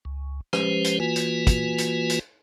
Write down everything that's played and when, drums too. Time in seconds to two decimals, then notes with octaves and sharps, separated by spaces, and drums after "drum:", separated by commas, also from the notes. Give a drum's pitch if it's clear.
0.05 C#2
0.53 F3 G#3 C#4 G4 B4 C5, drum: rim click
0.84 drum: hi-hat
1.00 E3 A#3 F4 F#4 B4 G#5
1.16 drum: hi-hat
1.47 drum: kick, hi-hat
1.78 drum: hi-hat
2.09 drum: hi-hat